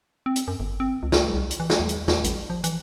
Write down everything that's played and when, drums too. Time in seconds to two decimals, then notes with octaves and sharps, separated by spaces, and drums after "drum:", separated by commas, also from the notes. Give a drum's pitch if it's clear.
0.26 C4
0.36 drum: hi-hat
0.48 F#2
0.60 G1
0.80 C4
1.03 C#2
1.12 drum: snare
1.34 C2
1.51 drum: hi-hat
1.60 E3
1.70 drum: snare
1.80 E2
1.89 drum: hi-hat
2.08 E2, drum: snare
2.24 A1, drum: hi-hat
2.50 F3
2.64 E3, drum: hi-hat